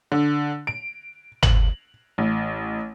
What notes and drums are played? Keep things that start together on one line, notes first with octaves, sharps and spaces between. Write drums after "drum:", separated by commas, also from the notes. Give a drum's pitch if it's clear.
D3
D7
F#7, drum: tom
A1